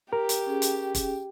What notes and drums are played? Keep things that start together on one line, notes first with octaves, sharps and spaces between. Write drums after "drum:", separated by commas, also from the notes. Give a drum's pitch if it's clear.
G4 A#4
drum: hi-hat
C#4 G#4
drum: hi-hat
drum: kick, hi-hat